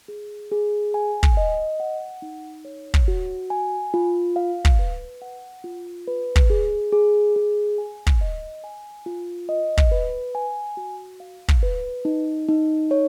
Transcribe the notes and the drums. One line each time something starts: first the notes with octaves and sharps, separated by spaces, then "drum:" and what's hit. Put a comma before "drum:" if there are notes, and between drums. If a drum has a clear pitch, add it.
G#4
G#4
G#5
drum: kick
D#5
F#5
D#4
C#5
drum: kick
F#4
G#5
F4
F5
drum: kick
B4
F#5
F4
B4
drum: kick
G#4
G#4
G#4
G#5
drum: kick
D#5
G#5
F4
D#5
drum: kick
B4
G#5
F#4
F5
drum: kick
B4
D#4
D#4
C#5